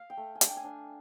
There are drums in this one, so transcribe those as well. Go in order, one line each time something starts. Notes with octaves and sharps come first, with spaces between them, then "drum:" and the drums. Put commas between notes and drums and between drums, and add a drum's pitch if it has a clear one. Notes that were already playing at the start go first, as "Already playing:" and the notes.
Already playing: F5
G5
A3
G#5
D4, drum: hi-hat
G5
G#5
D4